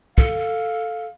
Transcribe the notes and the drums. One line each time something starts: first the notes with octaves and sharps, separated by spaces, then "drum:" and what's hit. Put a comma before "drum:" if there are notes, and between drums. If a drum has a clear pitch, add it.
A4 F5, drum: kick